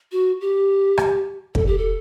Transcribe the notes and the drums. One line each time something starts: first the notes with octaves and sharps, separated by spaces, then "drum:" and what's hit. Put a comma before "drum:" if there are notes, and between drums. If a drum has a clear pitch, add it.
F#4
G4
drum: rim click
A4, drum: kick
G4
A4